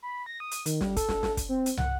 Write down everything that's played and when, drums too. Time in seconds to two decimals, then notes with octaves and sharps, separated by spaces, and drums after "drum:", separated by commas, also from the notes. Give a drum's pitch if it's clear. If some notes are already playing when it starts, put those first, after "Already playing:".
0.03 B5
0.26 A#6
0.40 D#6
0.51 drum: hi-hat
0.66 D#3, drum: hi-hat
0.81 G3, drum: snare
0.97 A4, drum: kick, hi-hat
1.09 drum: snare
1.23 drum: snare
1.37 drum: kick, hi-hat
1.49 C4
1.66 drum: hi-hat
1.77 F#5, drum: tom